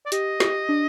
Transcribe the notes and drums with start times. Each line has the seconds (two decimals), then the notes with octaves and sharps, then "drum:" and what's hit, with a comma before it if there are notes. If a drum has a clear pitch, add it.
0.06 D5
0.12 G4 D#5, drum: hi-hat
0.40 G4, drum: snare
0.69 D4